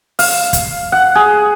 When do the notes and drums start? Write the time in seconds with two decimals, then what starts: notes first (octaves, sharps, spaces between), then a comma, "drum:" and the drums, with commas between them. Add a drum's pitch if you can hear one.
0.19 F5, drum: open hi-hat
0.53 drum: kick, hi-hat
0.92 F#5
1.15 G#4